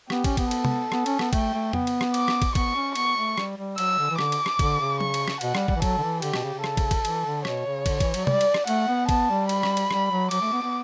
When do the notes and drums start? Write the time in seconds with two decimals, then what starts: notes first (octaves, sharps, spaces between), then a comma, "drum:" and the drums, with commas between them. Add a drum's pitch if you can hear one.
0.10 B3 G4, drum: rim click
0.24 C#4, drum: kick, cymbal
0.37 B3, drum: kick, cymbal
0.51 A4, drum: cymbal
0.65 drum: tom C3
0.92 B3, drum: rim click
1.06 C#4, drum: cymbal
1.19 B3, drum: rim click
1.33 A3 G5, drum: kick, cymbal
1.54 A3
1.73 B3, drum: tom
1.87 drum: cymbal
2.01 drum: rim click
2.14 D6, drum: cymbal
2.28 drum: rim click
2.42 drum: kick, cymbal
2.55 B3 C#6, drum: kick, cymbal
2.75 C#4
2.95 B3 C#6, drum: cymbal
3.16 A3
3.38 G3, drum: rim click
3.57 G3
3.78 F#3 E6, drum: cymbal
3.98 D3
4.10 E3
4.19 D3 D6, drum: rim click
4.32 drum: cymbal
4.46 drum: rim click
4.59 D3, drum: kick, cymbal
4.80 C#3
5.01 C#6, drum: tom F#3
5.14 drum: cymbal
5.28 drum: rim click
5.41 B2 F#5, drum: cymbal
5.55 G3, drum: rim click
5.68 G3, drum: kick
5.76 E3
5.82 F#3 A4, drum: kick, cymbal
5.98 D3
6.02 E3
6.22 D3 G4, drum: cymbal
6.34 B2, drum: rim click
6.44 C#3
6.54 C#3
6.64 A4, drum: rim click
6.77 drum: kick, cymbal
6.91 drum: kick, cymbal
7.05 E3, drum: cymbal
7.25 D3
7.45 B2 C#5, drum: rim click
7.66 C#3
7.86 D3, drum: kick, cymbal
8.00 E3, drum: kick, cymbal
8.14 F#3, drum: cymbal
8.27 G3 D5, drum: tom C3
8.41 drum: cymbal
8.54 drum: rim click
8.67 A3 F#5, drum: cymbal
8.88 B3
9.09 B3 A5, drum: kick, cymbal
9.30 G3
9.49 B5, drum: cymbal
9.63 drum: rim click
9.77 drum: cymbal
9.91 G3, drum: rim click
10.11 F#3
10.31 F#3 D6, drum: cymbal
10.42 A3
10.52 B3
10.63 B3